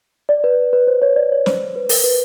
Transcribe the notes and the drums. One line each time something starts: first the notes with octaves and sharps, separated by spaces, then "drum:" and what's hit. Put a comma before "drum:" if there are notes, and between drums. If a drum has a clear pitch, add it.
D5
B4
B4
C5
C#5
D5
C#5
C5, drum: snare
B4
A#4, drum: open hi-hat
B4